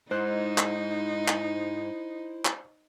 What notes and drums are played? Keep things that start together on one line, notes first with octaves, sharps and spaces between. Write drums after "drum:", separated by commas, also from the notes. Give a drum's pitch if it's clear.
G#2 D#4 E4 C5 F#6
drum: clap
drum: clap
drum: clap